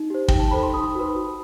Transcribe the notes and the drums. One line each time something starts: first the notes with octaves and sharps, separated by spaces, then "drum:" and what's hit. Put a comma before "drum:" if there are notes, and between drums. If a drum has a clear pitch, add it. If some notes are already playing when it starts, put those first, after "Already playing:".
Already playing: D#4
G4 C5
D#4 G5, drum: kick
A5
A4 C5 B5
C6
D#4 B5 D#6
F#4 B4
F#4